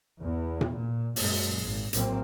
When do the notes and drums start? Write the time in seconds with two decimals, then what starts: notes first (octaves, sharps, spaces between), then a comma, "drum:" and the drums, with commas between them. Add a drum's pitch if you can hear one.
0.19 E2
0.61 drum: tom A#2
0.75 A#2
1.16 F#2 A#2 G#3, drum: open hi-hat
1.62 G#1
1.93 A#1 A2 F#3 A#3 C4, drum: hi-hat